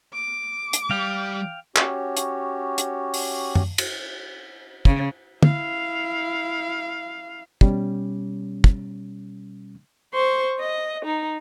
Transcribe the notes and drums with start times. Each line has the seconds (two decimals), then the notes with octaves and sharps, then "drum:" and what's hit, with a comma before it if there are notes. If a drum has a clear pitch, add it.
0.13 D6
0.73 drum: hi-hat
0.91 G3 F5 G5
1.76 C#4 F#4 G4 C#5, drum: clap
2.17 drum: hi-hat
2.78 drum: hi-hat
3.14 drum: open hi-hat
3.55 drum: tom F#2
3.78 drum: cymbal
4.85 C#3, drum: kick
5.43 E4 F5, drum: tom
7.61 B2 G3 C#4, drum: kick
8.64 drum: kick
10.14 C5 C6 C#6
10.59 D#5
11.05 D#4